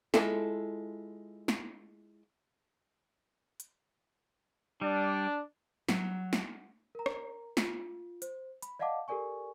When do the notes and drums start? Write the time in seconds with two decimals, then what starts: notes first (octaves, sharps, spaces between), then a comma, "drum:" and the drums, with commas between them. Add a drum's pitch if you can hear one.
0.14 G#3 A3 E4 F4 A4, drum: snare
1.48 drum: snare
3.60 drum: hi-hat
4.81 G3 D4
5.89 F#3, drum: snare
6.33 drum: snare
6.95 A#4 A#5
7.06 drum: rim click
7.57 F4, drum: snare
8.22 C5, drum: hi-hat
8.62 B5, drum: hi-hat
8.79 D5 D#5 F5 F#5 A5 D6
9.08 G4 A4 A#4 D5 G#5 C#6